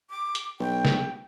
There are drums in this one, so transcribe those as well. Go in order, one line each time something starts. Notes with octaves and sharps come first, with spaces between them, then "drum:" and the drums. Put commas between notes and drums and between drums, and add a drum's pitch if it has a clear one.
D6
drum: hi-hat
B1 G5
drum: snare